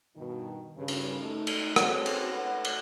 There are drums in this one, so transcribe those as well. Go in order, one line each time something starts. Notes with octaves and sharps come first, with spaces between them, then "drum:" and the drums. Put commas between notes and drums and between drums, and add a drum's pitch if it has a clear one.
G2 B2 D#3
G2 C#3
drum: cymbal
A3 D#4
drum: cymbal
C4 F#4 G#4 A4 B4 C#5, drum: rim click
drum: cymbal
A3 B4 C#5 F#5
drum: cymbal